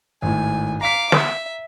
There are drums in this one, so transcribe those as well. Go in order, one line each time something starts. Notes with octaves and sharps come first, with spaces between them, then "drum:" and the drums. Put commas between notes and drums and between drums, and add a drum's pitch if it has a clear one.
G#1 A2 G#5
F5 A#5 D6 B6
E5, drum: snare